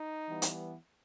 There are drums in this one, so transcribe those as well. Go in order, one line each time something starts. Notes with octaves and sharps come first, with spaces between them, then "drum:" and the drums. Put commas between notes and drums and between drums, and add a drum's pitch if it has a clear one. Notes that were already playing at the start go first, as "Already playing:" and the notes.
Already playing: D#4
E3 G3 B3
drum: hi-hat